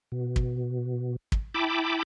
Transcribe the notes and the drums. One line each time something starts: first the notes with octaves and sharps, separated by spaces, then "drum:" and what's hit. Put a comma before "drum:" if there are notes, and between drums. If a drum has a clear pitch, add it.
B2
drum: kick
drum: kick
E4 G5 A5 B5 D6